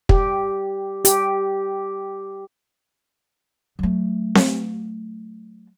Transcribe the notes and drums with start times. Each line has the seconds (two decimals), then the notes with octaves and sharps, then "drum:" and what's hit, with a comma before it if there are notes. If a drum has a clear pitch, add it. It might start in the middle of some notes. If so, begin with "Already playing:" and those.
0.09 G4, drum: kick
1.05 G4, drum: hi-hat
3.79 F#3 A3
4.35 drum: snare C4